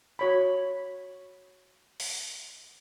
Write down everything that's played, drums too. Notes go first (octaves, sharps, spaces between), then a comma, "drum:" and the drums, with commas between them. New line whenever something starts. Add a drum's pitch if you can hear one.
F#4 C#5 B5
drum: open hi-hat